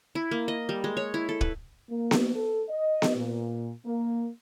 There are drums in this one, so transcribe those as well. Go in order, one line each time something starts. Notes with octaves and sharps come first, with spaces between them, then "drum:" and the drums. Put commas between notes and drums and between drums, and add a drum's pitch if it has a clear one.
E4
A#3
D#5
G3
G#3
C#5
E4
A4
B4, drum: kick
A#3
drum: snare B3
A4
D#5
drum: snare B3
A#2
A#3